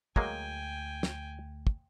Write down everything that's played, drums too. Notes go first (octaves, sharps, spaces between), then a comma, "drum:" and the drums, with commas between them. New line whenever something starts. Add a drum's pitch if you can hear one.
D2 F#3 G#3 A#3 G5 G#5, drum: kick
drum: snare
drum: kick